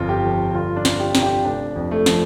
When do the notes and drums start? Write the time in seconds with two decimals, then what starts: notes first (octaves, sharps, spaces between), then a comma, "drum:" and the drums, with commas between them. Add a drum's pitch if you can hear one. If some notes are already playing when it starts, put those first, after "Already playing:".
Already playing: G1 F2 F4
0.09 G4
0.24 F3
0.54 G1 F4
0.76 D4
0.85 F2, drum: snare
1.00 G4
1.15 C3, drum: snare
1.23 G4
1.45 F1 D4
1.76 F2
1.91 A3
2.06 F3, drum: snare